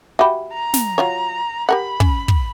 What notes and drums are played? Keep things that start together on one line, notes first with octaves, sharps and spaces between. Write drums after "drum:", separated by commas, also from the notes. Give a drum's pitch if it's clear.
F#4 G4 E5 B5
A#5
drum: snare
F#3 F4 C#5
G4 A#4 F#5 B5
C#4, drum: kick
drum: kick